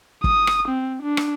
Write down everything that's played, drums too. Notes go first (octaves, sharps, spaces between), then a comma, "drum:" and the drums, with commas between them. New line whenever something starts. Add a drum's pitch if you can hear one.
D#6, drum: kick
drum: rim click
C4
D4
drum: rim click